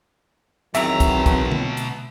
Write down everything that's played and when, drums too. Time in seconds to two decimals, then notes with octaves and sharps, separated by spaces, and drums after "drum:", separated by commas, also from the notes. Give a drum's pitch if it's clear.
0.75 E2 B2 D#3 F#3 C4 E5 A#5, drum: hi-hat
1.00 drum: kick, hi-hat
1.26 drum: kick, hi-hat
1.52 drum: tom D3
1.77 drum: hi-hat